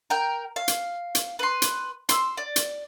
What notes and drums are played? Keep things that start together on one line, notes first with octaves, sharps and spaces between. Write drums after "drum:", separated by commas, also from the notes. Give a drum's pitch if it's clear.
A#4 G5
F5
drum: hi-hat
drum: hi-hat
B4 C6
drum: hi-hat
C6 E6, drum: hi-hat
D5
drum: hi-hat